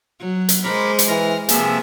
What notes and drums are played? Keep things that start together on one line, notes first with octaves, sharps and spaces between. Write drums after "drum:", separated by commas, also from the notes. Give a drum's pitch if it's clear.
F#3
drum: hi-hat
G#3 A#4 C5 B5 D6
drum: hi-hat
E3 F6 A#6
C3 F3 A#3 G#4 E5, drum: hi-hat